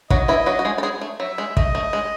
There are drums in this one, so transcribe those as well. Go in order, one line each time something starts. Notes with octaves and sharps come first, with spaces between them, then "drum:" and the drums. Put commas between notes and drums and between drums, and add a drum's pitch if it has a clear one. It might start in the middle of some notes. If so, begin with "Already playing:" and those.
F#3 F#4 D#5, drum: kick
E3 E4
F#3 F#4
F#4
G#3 G#4
A4
G#3 G#4
A3
F#3 E5
G#3
A3 D#5, drum: kick
A3
G#3